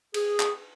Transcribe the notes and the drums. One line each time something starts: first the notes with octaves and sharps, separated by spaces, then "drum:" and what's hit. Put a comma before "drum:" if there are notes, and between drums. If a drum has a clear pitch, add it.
G#4, drum: cymbal
drum: clap